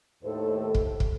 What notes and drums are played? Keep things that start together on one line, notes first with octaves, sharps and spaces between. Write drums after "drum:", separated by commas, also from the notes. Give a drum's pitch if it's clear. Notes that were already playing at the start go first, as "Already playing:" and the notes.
D#2 A2 A4 C5
drum: kick
drum: kick